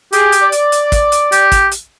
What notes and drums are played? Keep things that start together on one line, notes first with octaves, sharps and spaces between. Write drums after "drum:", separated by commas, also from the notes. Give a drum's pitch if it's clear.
G4 G#4, drum: hi-hat
drum: hi-hat
D5
drum: hi-hat
drum: hi-hat
drum: kick, hi-hat
drum: hi-hat
G4, drum: hi-hat
drum: kick, hi-hat
drum: hi-hat